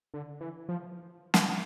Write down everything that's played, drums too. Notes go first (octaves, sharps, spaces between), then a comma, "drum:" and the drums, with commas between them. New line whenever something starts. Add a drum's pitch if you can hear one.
D3
E3
F3
drum: snare